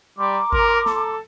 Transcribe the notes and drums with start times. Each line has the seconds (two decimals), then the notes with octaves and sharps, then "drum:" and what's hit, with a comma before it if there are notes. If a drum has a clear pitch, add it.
0.19 G3 A#5 C6 D6
0.53 A#4, drum: kick G#1
0.86 A4, drum: snare